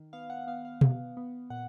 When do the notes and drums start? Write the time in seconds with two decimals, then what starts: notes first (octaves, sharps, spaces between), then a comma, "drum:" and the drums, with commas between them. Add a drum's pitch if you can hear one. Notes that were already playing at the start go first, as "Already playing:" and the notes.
Already playing: D#3
0.13 B3 F5
0.30 F#5
0.47 B3 F5
0.65 F5
0.81 B3, drum: tom B2
1.17 B3
1.50 A#2 F#5